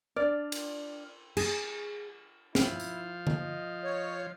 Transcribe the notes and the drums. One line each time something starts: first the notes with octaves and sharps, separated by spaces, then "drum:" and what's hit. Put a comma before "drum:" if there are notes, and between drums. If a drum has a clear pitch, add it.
D4 D5 F6
drum: cymbal
G#4, drum: cymbal
F3 E4 F5, drum: snare
drum: tambourine
D#5, drum: tom D3
C#5